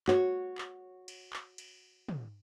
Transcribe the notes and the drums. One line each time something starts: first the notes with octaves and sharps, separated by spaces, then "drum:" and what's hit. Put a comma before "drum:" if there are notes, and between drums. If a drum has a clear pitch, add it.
F#4 C#5, drum: clap
drum: clap
drum: cymbal
drum: clap
drum: cymbal
drum: tom